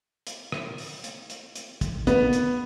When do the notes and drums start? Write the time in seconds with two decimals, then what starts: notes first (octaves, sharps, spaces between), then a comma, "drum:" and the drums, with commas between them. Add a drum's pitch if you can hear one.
0.27 drum: hi-hat
0.52 drum: rim click
0.78 drum: open hi-hat
1.04 drum: hi-hat
1.30 drum: hi-hat
1.56 drum: hi-hat
1.81 drum: kick, hi-hat
2.07 B3, drum: kick, hi-hat
2.33 drum: hi-hat